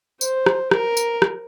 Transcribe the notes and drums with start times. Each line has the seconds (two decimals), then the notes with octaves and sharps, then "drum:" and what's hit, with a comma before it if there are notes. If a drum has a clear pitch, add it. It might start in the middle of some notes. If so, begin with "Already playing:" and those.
0.21 C5, drum: tambourine
0.46 drum: rim click
0.71 A#4, drum: rim click
0.97 drum: tambourine
1.22 drum: rim click